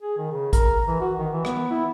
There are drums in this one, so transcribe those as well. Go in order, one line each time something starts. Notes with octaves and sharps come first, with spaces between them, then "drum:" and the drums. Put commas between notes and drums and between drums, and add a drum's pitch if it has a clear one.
G#4
D#3
C#3
A#4, drum: kick, hi-hat
E3
F#4
D#3
E3
B3, drum: rim click
E4